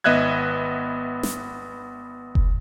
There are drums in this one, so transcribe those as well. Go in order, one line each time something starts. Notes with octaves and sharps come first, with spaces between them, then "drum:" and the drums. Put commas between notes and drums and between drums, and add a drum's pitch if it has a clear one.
G#1 B3 D#5 E5 F#6 G#6
drum: snare
drum: kick F1